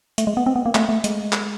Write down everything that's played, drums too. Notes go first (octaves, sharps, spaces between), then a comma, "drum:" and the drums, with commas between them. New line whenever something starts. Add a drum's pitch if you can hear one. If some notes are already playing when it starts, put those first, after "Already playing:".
A3, drum: hi-hat
G#3
B3
C4
B3
A#3
A3, drum: clap
A3
G#3, drum: hi-hat
drum: clap